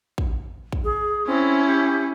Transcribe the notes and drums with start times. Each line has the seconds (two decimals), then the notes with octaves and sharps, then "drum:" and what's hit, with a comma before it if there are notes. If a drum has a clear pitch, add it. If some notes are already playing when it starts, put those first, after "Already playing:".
0.18 drum: kick A1
0.72 drum: kick A1
0.84 G#4
1.27 C4 C#4 E4
1.67 G4